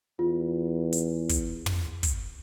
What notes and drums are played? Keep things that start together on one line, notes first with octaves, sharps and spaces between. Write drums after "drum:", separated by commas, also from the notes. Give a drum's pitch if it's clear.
E2 F4
drum: hi-hat
drum: kick, hi-hat
drum: tom
drum: kick, hi-hat